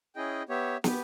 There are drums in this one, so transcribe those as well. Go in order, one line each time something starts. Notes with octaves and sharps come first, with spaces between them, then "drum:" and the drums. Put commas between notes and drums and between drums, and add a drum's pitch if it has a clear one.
C#4 E4 G#4 D#5 G5
B3 G4 C#5 E5
B3 G4 B4, drum: snare